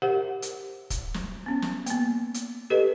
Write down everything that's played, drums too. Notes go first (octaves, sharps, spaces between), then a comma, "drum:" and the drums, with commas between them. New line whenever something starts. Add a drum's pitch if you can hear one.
G4 A#4 C5 E5 F#5
drum: hi-hat
drum: kick, hi-hat
drum: snare
B3 C#4
drum: snare
A#3 B3, drum: hi-hat
drum: hi-hat
G4 A4 B4 D#5